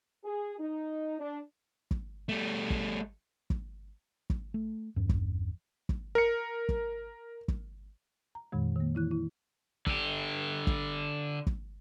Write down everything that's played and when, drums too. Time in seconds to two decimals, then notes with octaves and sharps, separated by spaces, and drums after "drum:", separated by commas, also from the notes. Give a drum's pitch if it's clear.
0.24 G#4
0.58 D#4
1.19 D4
1.91 drum: kick
2.29 G3 A3
2.70 drum: kick
3.50 drum: kick
4.30 drum: kick
4.54 A3
4.96 E2 G2
5.09 drum: kick
5.89 drum: kick
6.15 A#4 C#7
6.69 drum: kick
7.48 drum: kick
8.35 A#5
8.52 F2 A#2 D#3 G#3
8.76 D#3 A#3
8.95 E3 E4 F#6
9.11 E4
9.87 D3 G4, drum: kick
10.67 drum: kick
11.47 drum: kick